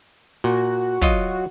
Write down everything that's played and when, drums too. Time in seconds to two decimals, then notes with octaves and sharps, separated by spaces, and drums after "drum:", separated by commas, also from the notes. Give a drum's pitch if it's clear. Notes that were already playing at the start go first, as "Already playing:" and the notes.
0.44 A#2 F#4
1.02 F#3 F4 D#5, drum: kick